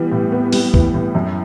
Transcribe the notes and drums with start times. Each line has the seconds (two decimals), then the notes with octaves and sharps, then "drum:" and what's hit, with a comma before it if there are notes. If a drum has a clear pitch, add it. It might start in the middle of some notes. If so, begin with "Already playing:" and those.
Already playing: E3 G3 B3
0.12 A2
0.32 B3
0.53 G3, drum: open hi-hat
0.74 E3, drum: kick
0.94 A2
1.15 F#2